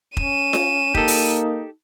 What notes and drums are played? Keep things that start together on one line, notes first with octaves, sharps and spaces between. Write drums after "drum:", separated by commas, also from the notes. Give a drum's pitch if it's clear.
C#4 D#7 E7, drum: kick
drum: snare F4
A#3 D#4 G4 A4, drum: kick
drum: open hi-hat